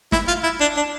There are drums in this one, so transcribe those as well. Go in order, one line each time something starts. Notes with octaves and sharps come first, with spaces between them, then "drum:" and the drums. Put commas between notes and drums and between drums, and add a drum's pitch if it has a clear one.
E4, drum: snare
F4
E4
D4
D4